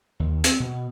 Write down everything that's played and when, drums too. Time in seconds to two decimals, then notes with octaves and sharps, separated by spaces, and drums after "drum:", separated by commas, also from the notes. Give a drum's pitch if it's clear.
0.20 D#2
0.44 C4, drum: hi-hat
0.60 B2